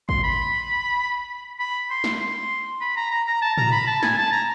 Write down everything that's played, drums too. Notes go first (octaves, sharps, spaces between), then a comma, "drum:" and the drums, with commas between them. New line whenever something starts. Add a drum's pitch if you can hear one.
C6, drum: kick
B5
B5
C6
drum: snare
C6
B5
A#5
A#5
A#5
A5
A#5, drum: tom
B5
A5
G#5, drum: snare
A5
A#5